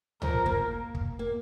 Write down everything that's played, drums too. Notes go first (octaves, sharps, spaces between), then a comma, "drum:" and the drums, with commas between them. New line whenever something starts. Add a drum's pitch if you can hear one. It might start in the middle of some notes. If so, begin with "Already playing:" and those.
F3 A#4, drum: tom C2
A#3, drum: kick
drum: kick
A#3